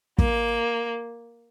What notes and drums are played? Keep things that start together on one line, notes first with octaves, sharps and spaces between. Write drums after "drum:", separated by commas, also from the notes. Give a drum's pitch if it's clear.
A#3, drum: kick